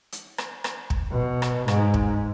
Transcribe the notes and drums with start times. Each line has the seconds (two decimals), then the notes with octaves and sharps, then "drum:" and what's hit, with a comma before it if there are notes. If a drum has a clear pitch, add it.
0.12 drum: hi-hat
0.38 drum: rim click
0.64 drum: rim click
0.90 drum: kick
1.11 B2
1.42 drum: rim click
1.68 G#2, drum: rim click
1.94 drum: kick